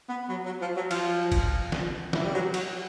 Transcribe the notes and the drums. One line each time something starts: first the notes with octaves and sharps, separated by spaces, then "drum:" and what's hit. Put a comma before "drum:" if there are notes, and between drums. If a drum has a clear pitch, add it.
B3
F#3
F#3
F3
F#3
F3, drum: cymbal
drum: kick, cymbal
drum: snare
E3, drum: snare
G3
F#3
F#3, drum: cymbal